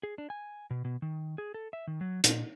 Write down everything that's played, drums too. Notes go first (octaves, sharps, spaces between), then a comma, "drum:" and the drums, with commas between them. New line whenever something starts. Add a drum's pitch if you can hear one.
G#4
D4
G#5
B2
B2
D#3
G#4
A4
E5
D#3
F#3
A#2, drum: hi-hat